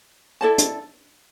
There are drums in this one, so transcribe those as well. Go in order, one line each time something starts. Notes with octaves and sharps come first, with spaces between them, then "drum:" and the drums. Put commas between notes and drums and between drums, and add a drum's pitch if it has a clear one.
E4 A4 D5 A5
drum: hi-hat